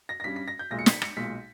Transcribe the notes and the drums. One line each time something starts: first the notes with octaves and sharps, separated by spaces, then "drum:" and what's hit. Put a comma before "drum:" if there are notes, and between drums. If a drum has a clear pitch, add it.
A#6
A#6
G2 G3 C#4 B6
B6
A#6
G6
B1 A#2 G#3 A#6
C#7
B6, drum: snare
C#7, drum: rim click
B1 A#2 G#3 B6